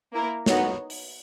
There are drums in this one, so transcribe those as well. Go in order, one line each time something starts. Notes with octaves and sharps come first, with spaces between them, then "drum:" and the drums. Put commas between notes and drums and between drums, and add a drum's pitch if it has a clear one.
A#3 E4 A#4
B3 D#4 F#4 C#5, drum: snare
drum: open hi-hat